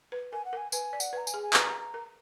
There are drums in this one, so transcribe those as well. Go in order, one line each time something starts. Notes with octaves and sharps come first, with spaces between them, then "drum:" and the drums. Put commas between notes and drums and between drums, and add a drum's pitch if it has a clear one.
B4
A#4 G#5
F#5
A#4
G#5
B4 G#5, drum: tambourine
D5
F#5, drum: tambourine
B4
A#5
G#5, drum: tambourine
G#4
G#5
B4 A#5, drum: clap
A#5
A#4